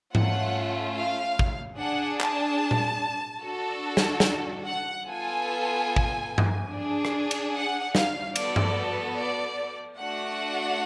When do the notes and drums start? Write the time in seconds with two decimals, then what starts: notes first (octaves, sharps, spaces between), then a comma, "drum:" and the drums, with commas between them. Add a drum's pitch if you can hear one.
0.15 A3 C#4 F4 F#5, drum: tom G#2
0.98 F5
1.39 drum: kick
1.79 D4 G#4 F#5
2.21 A5, drum: clap
2.71 drum: tom A#2
3.44 D4 F#4 A4
3.97 drum: snare
4.20 drum: snare
4.66 F#5
5.07 B3 F4 A4 G#5
5.96 drum: kick
6.38 drum: tom G2
6.71 D4 G#4
7.05 drum: rim click
7.31 drum: cymbal
7.54 F#5
7.95 F5, drum: snare
8.36 B3 F#4 A4 D5, drum: cymbal
8.56 drum: tom G2
9.18 D5
10.00 A3 D4 F#4 F#5